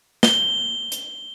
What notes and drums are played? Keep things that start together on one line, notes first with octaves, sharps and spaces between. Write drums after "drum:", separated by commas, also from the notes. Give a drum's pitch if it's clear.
G7, drum: snare
drum: hi-hat